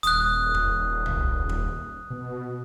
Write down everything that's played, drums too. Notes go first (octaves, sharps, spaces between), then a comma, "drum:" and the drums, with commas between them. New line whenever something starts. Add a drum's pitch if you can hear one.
D#1 D#6 F#6, drum: hi-hat
drum: kick
drum: tom
drum: kick
B2